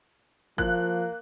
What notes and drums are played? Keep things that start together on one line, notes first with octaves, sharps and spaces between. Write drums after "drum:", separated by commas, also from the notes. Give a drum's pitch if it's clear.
F3 A#3 F#6, drum: kick